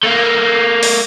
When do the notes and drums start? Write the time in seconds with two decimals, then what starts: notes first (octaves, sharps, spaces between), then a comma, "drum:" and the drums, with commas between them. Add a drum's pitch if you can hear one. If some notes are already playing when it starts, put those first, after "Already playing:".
0.04 A3 A#3
0.83 drum: open hi-hat